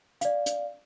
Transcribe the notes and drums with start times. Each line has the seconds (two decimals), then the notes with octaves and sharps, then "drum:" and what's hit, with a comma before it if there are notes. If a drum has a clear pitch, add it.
0.21 D5 F5, drum: hi-hat
0.46 drum: hi-hat